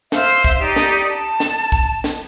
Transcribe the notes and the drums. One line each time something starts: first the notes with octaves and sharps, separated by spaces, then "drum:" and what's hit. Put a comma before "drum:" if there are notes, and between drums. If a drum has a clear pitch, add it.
C5 E5 F5, drum: snare
drum: kick
D#4 G4 D5 D#5
drum: snare
A5
drum: snare
drum: kick
drum: snare